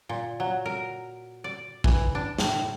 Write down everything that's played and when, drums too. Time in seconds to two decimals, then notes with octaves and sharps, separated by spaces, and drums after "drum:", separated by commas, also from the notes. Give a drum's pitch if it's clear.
0.09 A#2
0.40 F#3
0.66 A#4
1.44 D5
1.84 E3, drum: kick
2.15 D4
2.38 A2, drum: snare